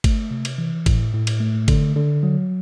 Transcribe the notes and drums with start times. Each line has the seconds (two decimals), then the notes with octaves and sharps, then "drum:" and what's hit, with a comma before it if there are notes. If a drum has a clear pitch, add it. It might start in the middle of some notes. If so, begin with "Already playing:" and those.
0.04 A3, drum: kick G1, cymbal
0.31 C3
0.45 drum: cymbal
0.58 E3
0.86 A2, drum: kick G1, cymbal
1.13 A2
1.27 drum: cymbal
1.40 A3
1.68 D3, drum: kick G1, cymbal
1.96 D3
2.23 F#3